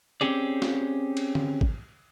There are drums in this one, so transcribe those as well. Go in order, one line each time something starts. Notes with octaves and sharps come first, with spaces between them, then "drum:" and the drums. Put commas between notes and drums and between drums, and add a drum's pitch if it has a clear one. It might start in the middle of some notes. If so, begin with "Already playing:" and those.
C4 C#4 G4 G#4 D5
drum: snare
drum: cymbal
drum: tom D3
drum: kick